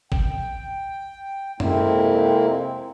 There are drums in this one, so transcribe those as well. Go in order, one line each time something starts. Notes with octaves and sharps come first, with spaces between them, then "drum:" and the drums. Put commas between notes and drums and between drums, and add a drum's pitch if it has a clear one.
G5, drum: kick
F2 C3 G#3 A#3 C4 E4, drum: tom F#2